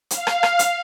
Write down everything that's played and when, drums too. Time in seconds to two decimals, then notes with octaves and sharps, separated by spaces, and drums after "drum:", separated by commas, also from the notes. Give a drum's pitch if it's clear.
0.10 F5, drum: hi-hat
0.27 drum: rim click
0.43 drum: rim click
0.59 drum: hi-hat